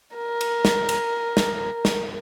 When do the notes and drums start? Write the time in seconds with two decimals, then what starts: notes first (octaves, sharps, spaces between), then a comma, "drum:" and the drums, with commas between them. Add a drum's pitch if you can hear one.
0.16 A#4
0.41 drum: cymbal
0.65 drum: snare
0.89 drum: cymbal
1.37 drum: snare
1.85 drum: snare